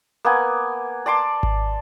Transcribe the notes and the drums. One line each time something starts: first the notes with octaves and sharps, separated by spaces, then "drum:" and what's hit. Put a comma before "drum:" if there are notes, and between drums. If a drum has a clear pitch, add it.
A#3 B3 G#5
D5 A5 C6 D6
drum: kick G#1